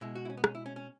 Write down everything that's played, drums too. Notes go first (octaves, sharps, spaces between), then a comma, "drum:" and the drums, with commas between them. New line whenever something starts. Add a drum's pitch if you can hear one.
B2 G#3 E4
F#4
E4
C#4
B3
C#4, drum: rim click
E4
C#4
C#4